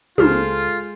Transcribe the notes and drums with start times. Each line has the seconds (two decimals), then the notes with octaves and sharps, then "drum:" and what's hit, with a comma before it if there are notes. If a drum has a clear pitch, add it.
0.18 C#2 G#3 F4 A4 C5 F6, drum: tom